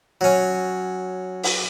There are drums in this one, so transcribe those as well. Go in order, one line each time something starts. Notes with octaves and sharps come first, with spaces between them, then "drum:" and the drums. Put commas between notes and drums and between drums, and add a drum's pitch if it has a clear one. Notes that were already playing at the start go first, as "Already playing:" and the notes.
F#3 C#4
drum: open hi-hat